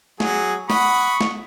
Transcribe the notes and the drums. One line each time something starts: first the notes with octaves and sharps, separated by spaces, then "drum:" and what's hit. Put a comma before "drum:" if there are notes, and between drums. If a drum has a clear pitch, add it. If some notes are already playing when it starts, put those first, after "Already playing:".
F#3 F#4 G#4, drum: snare
F#5 B5 C#6 D#6, drum: snare
drum: snare